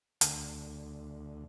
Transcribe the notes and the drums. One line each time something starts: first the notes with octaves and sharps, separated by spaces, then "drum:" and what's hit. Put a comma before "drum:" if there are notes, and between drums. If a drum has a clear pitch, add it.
D2, drum: hi-hat